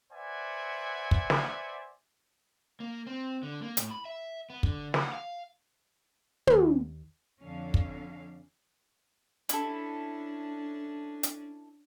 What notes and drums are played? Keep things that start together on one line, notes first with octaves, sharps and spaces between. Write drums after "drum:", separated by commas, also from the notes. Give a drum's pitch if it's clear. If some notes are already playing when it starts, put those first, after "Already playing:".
B4 C5 D5 E5 F#5 G#5
drum: kick
drum: snare
A#3
C4
D3
A#3
A2, drum: hi-hat
B5
E5
B3
D3, drum: kick
F#5, drum: snare
F5
D#2, drum: tom
F2 D3 C#4 D4 A4 F5
drum: kick
C#4 D4 E4 A4, drum: hi-hat
drum: hi-hat